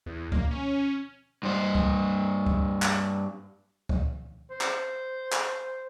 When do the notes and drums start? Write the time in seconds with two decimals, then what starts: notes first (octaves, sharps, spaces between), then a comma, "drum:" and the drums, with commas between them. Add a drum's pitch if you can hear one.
0.06 E2
0.32 A#3, drum: kick C#2
0.51 C#4
1.43 G2 C5
1.75 drum: kick C#2
2.46 drum: kick C#2
2.82 drum: clap
3.89 drum: kick C#2
4.50 C5
4.61 drum: clap
5.32 drum: clap